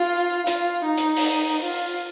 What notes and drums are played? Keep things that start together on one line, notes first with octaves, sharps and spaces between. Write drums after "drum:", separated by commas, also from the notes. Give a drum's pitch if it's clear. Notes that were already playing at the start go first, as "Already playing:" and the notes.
Already playing: F4
F4, drum: hi-hat
D#4
drum: hi-hat
drum: open hi-hat
F4